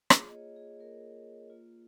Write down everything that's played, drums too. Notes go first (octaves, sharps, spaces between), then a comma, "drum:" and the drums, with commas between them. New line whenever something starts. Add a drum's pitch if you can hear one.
A#3 F4 G#4, drum: rim click
D#5
C#5
G#4
A#3 F4 A#4
A#3 F4